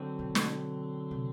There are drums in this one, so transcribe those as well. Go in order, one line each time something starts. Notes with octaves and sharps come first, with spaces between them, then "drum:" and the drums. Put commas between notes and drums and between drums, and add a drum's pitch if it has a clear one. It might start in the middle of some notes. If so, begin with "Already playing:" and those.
Already playing: D3 F#3 C4
B2
drum: snare
C3